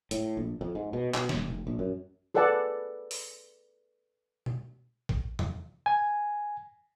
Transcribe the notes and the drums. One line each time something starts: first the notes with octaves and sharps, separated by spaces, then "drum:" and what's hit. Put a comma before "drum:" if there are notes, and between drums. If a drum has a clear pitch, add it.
A2, drum: hi-hat
A#1
F2
G#2
B2
B2, drum: clap
D#1, drum: snare
F1
A#1
F#2
G#4 A4 B4 D5 F#5 A5
drum: open hi-hat
drum: tom B2
drum: kick A1
drum: tom E2
G#5